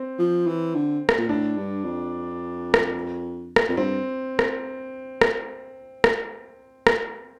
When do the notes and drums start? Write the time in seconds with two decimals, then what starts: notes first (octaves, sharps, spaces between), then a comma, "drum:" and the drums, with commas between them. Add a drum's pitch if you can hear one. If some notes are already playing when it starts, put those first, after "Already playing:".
Already playing: C4
0.19 F3
0.47 E3
0.75 D3
1.09 drum: rim click
1.18 A#2
1.29 A2 D4
1.57 G2
1.84 F2
2.74 drum: rim click
3.56 drum: rim click
3.69 F2
3.77 G2 C4
4.39 drum: rim click
5.21 drum: rim click
6.04 drum: rim click
6.87 drum: rim click